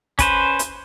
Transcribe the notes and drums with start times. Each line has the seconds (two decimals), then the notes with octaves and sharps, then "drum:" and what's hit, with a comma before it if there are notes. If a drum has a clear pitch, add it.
0.19 C#4 B4 C5, drum: kick, hi-hat
0.59 drum: hi-hat